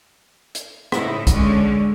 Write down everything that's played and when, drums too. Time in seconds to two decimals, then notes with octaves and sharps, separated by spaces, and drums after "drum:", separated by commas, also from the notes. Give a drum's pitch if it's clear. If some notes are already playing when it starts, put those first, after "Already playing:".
0.55 drum: hi-hat
0.92 A2 C#3 D#4 E4, drum: rim click
1.27 D3 G#3 C#4, drum: kick, hi-hat